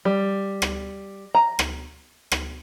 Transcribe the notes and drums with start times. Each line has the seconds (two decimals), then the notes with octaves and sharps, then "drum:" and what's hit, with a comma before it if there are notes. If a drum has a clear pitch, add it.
0.05 G3
0.62 drum: rim click
1.35 A#5
1.59 drum: rim click
2.32 drum: rim click